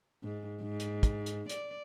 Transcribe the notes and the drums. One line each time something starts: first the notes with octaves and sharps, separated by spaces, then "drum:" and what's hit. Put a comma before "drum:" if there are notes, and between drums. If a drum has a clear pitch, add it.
G#2
G#2
drum: hi-hat
drum: kick, hi-hat
drum: hi-hat
D5, drum: hi-hat